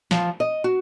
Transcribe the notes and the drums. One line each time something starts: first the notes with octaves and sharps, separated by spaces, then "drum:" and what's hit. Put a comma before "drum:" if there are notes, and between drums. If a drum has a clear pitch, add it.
F3, drum: snare
D#5
F#4